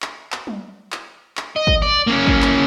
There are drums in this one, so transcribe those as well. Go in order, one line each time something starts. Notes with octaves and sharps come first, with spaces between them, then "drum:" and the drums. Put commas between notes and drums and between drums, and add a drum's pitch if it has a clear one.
drum: clap
drum: clap
drum: tom
drum: clap
drum: clap
D#5
drum: kick
D5
A#3 C#4
drum: kick
drum: clap